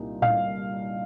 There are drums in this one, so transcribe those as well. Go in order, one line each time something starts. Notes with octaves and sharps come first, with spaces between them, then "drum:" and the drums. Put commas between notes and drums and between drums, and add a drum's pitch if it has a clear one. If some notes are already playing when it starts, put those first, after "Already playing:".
Already playing: C2 A#2 A#3 D#4
F5, drum: tom A2